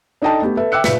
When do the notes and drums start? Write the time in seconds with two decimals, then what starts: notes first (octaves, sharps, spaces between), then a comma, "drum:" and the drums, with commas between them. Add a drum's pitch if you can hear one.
0.22 D4 D#4 A4 D#5 G5 A5
0.42 A3 B3 G4
0.57 A4 B4 E5
0.72 E5 G5 D6 E6 F#6 C#7
0.84 A#2 B4 E5 B6 C#7, drum: snare